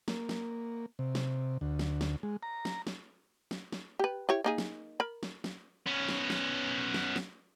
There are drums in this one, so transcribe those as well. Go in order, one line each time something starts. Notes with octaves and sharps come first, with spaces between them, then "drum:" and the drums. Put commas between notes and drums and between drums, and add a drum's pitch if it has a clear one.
A#3, drum: snare
drum: snare
C3
drum: snare
D2
drum: snare
drum: snare
G#3
A#5
drum: snare
drum: snare
drum: snare
drum: snare
G4 B4
E4 G4 C#5
A#3 D#4 G#4
drum: snare
A#4 B5
drum: snare
drum: snare
B3 C#4
drum: snare
drum: snare
drum: snare
drum: snare